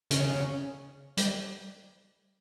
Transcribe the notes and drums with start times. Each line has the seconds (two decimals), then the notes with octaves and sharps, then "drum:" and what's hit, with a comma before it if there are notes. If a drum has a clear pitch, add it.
0.11 C#3 C#4, drum: hi-hat
1.17 G3, drum: hi-hat